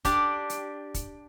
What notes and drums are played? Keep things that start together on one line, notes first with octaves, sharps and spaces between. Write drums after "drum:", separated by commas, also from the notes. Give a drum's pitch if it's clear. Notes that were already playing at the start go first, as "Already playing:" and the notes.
D4 G4 D5, drum: kick, hi-hat
drum: hi-hat
drum: kick, hi-hat